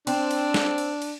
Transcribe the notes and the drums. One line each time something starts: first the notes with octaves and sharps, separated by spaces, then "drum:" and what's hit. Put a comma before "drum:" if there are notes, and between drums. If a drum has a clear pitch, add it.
C4 D4, drum: cymbal
drum: cymbal
drum: snare
drum: cymbal
drum: cymbal